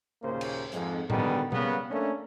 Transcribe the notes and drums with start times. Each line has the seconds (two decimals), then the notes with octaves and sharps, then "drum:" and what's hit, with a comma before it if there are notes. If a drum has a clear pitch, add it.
0.23 D#2 A#2 C#3 A#3 C5
0.41 drum: cymbal
0.72 F2 G#2, drum: hi-hat
1.10 B2 D3 D#3 G3 G#3 B3, drum: tom A2
1.52 C#3 G3 A#3 B3, drum: tom B2
1.90 A3 A#3 C#4 D4